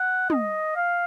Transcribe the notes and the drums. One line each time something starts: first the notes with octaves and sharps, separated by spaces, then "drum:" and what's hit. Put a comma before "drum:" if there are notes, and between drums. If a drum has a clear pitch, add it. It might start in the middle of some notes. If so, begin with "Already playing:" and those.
Already playing: F#5
D#5, drum: tom
F5